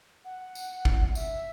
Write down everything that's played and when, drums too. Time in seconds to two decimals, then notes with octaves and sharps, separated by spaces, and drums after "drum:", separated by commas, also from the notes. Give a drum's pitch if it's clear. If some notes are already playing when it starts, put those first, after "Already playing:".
0.25 F#5
0.55 drum: tambourine
0.85 drum: kick
1.15 E5, drum: tambourine